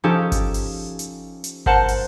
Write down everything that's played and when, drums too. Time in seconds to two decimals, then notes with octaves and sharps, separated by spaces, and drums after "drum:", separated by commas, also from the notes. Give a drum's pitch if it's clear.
0.04 F3 C#4 D#4 G4 A4
0.32 drum: kick G1, hi-hat
0.54 drum: open hi-hat
0.99 drum: hi-hat
1.44 drum: hi-hat
1.66 A#4 C5 F#5 A5, drum: kick G1
1.88 drum: open hi-hat